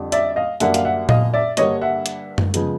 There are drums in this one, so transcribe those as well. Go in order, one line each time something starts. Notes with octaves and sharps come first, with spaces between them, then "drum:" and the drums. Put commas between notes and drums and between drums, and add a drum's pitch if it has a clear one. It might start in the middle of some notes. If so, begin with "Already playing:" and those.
Already playing: F2 D3 G3
D5 E5, drum: hi-hat
D#5 F5
F#2 D3 G3 A#3 D4 E5 F#5, drum: hi-hat
F5, drum: hi-hat
E5 F#5
D#5 F5, drum: tom A#2
D5 E5
G2 D3 G3 A#3 D4 C#5 D#5, drum: hi-hat
E5 F#5
drum: hi-hat
drum: tom F#2
C#3 F3 G#3 B3, drum: hi-hat